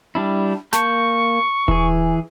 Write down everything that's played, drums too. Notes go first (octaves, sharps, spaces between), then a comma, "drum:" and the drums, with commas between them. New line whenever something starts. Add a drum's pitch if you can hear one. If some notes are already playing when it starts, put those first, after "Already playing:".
G3 D4 E4
A#3 A5 C#6 G6, drum: snare
E3 G#4, drum: kick D#1